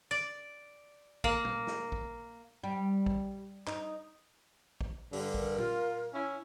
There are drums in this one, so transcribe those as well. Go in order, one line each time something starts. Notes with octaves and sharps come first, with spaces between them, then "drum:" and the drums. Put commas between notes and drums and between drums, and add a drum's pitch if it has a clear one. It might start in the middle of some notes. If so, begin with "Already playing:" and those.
D5
A#3, drum: kick
drum: tom A#2
drum: snare
drum: kick
G3
drum: kick
D#4, drum: clap
drum: kick
G2 D3, drum: open hi-hat
A#4, drum: kick
F4, drum: tom A#2
C#4 E4